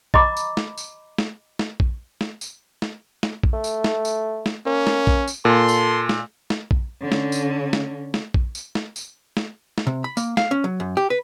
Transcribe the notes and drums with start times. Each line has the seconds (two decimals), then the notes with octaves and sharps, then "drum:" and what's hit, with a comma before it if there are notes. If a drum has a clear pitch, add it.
0.14 D#5 A#5 B5 D6, drum: kick A#1
0.37 drum: tambourine
0.57 drum: snare
0.78 drum: tambourine
1.18 drum: snare
1.59 drum: snare
1.80 drum: kick A#1
2.21 drum: snare
2.41 drum: tambourine
2.82 drum: snare
3.23 drum: snare
3.43 drum: kick A#1
3.53 A3
3.64 drum: tambourine
3.84 drum: snare
4.05 drum: tambourine
4.46 drum: snare
4.66 A#3 C#4
4.87 drum: snare
5.07 drum: kick A#1
5.28 drum: tambourine
5.45 A#2 A4 C6
5.68 drum: tambourine
6.09 drum: snare
6.50 drum: snare
6.71 drum: kick A#1
7.01 D3 C#4
7.12 drum: snare
7.32 drum: tambourine
7.73 drum: snare
8.14 drum: snare
8.34 drum: kick A#1
8.55 drum: tambourine
8.75 drum: snare
8.96 drum: tambourine
9.37 drum: snare
9.78 drum: snare
9.87 C3
10.04 B5
10.17 A#3, drum: tambourine
10.37 F5, drum: snare
10.51 C#4
10.64 F#3
10.80 F#2
10.97 G4
11.10 B4